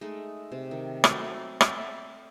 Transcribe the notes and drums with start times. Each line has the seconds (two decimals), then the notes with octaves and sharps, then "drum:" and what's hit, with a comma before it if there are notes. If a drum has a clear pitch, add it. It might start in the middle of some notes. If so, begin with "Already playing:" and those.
0.01 G#3 A3 D#4
0.52 C3
0.71 D#3
1.04 F#3 A3 C4 C#5, drum: rim click
1.61 D5 E5 G5, drum: rim click